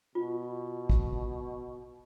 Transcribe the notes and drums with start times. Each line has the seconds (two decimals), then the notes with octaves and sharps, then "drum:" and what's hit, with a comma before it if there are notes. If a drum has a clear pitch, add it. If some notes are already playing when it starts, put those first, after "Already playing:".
0.15 B2 F4
0.90 drum: kick